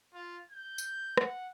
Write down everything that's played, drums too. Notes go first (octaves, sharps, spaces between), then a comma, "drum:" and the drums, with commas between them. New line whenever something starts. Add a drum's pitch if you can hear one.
F4
G6
drum: tambourine
F#5, drum: rim click